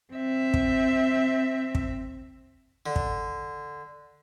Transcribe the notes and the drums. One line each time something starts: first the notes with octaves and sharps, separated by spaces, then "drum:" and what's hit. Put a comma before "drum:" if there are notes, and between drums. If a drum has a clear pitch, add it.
C4 E5
drum: kick
drum: kick
D3
drum: kick